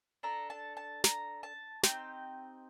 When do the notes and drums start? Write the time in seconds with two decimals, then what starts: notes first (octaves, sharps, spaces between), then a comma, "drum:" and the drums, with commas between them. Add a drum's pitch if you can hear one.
0.23 D4 A4 A#5
0.50 A5
0.77 A5
1.04 A#5, drum: snare
1.43 A5
1.83 C4 D#4 G4 G5, drum: snare